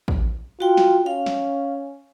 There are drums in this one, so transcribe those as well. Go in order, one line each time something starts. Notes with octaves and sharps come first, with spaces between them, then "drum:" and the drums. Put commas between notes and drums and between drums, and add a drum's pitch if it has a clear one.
drum: kick
F4 F#4 G5
drum: snare
C#4 F5
drum: snare